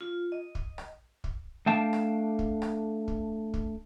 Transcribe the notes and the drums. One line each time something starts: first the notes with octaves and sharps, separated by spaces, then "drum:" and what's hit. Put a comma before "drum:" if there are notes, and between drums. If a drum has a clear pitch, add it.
F4
D#5
drum: kick
drum: rim click
drum: kick
A3 D4 F5 G5 A5
drum: rim click
drum: kick
drum: rim click
drum: kick
drum: kick